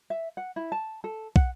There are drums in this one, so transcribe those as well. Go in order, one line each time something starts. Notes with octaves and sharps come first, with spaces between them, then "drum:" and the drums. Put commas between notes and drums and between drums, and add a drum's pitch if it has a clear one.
E5
F#5
E4
A5
A4
F#5, drum: kick